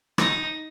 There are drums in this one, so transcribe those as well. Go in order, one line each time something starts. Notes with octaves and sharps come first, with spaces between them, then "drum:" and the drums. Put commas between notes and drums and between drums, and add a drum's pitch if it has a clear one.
D#4, drum: rim click